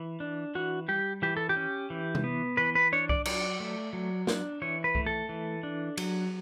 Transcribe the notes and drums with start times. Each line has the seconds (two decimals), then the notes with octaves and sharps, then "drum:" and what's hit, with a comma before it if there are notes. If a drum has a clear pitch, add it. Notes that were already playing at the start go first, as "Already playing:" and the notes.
Already playing: E3
0.20 D4
0.55 E3 F#4
0.88 G3 G4
1.22 E3 G4
1.37 A4
1.49 G4
1.56 C#4
1.90 E3
2.15 drum: tom C3
2.24 B3
2.57 E3 B4
2.75 B4
2.92 D4 C#5
3.09 D5, drum: kick C2
3.25 F#3 D5, drum: cymbal
3.60 A3
3.93 F#3
4.27 D4, drum: snare
4.62 E3 C#5
4.84 B4
4.95 A3, drum: kick C2
5.06 A4
5.29 E3
5.63 D4
5.97 F#3, drum: cymbal